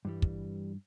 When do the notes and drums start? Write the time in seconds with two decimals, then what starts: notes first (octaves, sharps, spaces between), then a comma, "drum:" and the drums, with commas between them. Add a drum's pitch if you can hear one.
0.05 G2 E3 G3
0.22 drum: kick